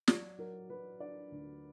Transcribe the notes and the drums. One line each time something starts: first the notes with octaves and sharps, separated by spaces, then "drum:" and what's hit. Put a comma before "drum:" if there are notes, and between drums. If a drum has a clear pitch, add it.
F#3 D5, drum: snare
F#3 A#4
F#3 B4
D4 D5
D2